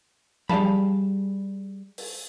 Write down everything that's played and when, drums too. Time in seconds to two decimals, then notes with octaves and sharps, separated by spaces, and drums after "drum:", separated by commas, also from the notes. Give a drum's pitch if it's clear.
0.49 G3 G#4 D5 F5 A5 B5, drum: tom F3
1.98 drum: open hi-hat